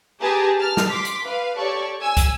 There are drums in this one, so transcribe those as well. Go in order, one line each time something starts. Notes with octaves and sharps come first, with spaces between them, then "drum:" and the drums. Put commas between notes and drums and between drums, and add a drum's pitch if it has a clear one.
G4 G#4 B4 A5 A#5
A5 F6
drum: snare
C6 D6 B6
drum: hi-hat
B4 F5
G4 A4 C#5 D5 C#6
G#5 E6
drum: kick, hi-hat